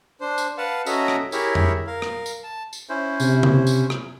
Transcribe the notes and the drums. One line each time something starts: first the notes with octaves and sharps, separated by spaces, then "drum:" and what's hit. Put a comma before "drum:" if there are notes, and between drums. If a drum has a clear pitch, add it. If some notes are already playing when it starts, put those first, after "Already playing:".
D4 C5
drum: tambourine
B4 F5 F#5 A5
C#4 F#4 A4 D#5 E5 A#5, drum: tambourine
drum: rim click
E4 G4 G#4 A#4 C#5 E5, drum: tambourine
drum: tom F2
A#4 F5
drum: rim click
drum: tambourine
A5
drum: tambourine
C#4 E4 C5
C3, drum: tambourine
drum: tom C#3
drum: tambourine
drum: rim click